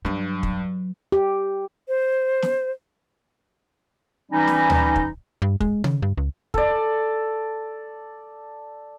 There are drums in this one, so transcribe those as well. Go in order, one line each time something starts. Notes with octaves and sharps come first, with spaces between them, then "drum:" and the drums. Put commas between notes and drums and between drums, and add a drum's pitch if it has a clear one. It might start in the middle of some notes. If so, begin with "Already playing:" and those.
G2 E3 F#3
drum: kick
G4
C5
drum: snare
E3 G3 C#4 D#4
drum: snare
drum: tom D2
drum: kick
G2
G#3, drum: kick
C#3, drum: tom
G2
C#2
A4 D5, drum: kick